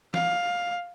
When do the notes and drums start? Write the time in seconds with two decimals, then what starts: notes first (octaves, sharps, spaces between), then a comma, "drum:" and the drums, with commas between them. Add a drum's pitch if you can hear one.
0.14 F5, drum: snare